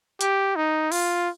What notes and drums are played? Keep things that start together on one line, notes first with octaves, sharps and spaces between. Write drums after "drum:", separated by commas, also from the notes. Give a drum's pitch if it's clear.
G4, drum: hi-hat
D#4
F4, drum: open hi-hat